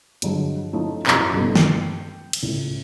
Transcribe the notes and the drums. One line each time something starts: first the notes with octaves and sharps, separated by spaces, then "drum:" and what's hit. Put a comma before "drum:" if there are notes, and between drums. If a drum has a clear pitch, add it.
G2 D3 F3 F#3 G#3, drum: hi-hat
F3 A3 C#4 D#4 F4
C2 F#2 F#4 G4 A#5, drum: clap
F#1 G2 B2 A4
G5 C7 C#7, drum: snare
drum: cymbal
C#2 A2